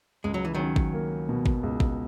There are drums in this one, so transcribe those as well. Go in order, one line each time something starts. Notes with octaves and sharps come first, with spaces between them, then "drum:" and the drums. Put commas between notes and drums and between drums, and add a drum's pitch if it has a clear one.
C#2 G#3
F#3
E3
D#3 F#3 C#4
drum: kick G#1
A#3
B2
drum: kick G#1
C#2
drum: kick G#1